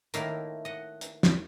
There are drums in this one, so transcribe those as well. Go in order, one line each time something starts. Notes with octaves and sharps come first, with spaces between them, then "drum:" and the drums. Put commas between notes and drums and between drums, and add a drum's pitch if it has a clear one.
A2 D#3 A#3 E4 F5, drum: hi-hat
D#5 F#5
drum: hi-hat
drum: snare